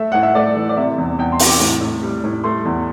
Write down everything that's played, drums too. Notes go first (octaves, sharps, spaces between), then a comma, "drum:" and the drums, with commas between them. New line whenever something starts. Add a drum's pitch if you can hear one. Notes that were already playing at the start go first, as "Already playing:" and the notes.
Already playing: A3 E5
A2 F#5
E5
A3 D5
E3
D5
C3 E5
E2
E2 G5
C6
C3, drum: open hi-hat
D6
A2
A2
G3
A2
A3 C6
E2